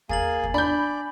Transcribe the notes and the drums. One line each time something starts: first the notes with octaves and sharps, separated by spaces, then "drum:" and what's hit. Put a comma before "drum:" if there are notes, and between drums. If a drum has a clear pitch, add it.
A#3 G#4 G#5 A6 F#7, drum: kick
drum: kick
D4 D5 B5 G6